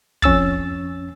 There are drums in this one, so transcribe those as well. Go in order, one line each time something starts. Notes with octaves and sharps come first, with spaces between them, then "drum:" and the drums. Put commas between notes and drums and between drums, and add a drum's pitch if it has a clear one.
F2 C#4 E6 A6, drum: kick